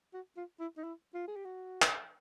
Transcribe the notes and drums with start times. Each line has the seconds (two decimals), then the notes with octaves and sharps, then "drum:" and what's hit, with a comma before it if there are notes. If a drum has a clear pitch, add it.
0.13 F#4
0.37 F4
0.60 E4
0.77 D#4
0.84 E4
1.14 F4
1.28 G#4
1.36 G4
1.45 F#4
1.82 drum: clap